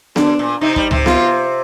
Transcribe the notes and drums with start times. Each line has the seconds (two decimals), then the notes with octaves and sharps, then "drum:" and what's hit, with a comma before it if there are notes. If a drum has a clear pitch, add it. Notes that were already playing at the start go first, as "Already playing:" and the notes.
0.16 D3 D4, drum: snare B3
0.39 A#2
0.61 C3 D#4
0.76 G3, drum: kick
0.91 C3, drum: tom C#2
1.06 F4, drum: snare B3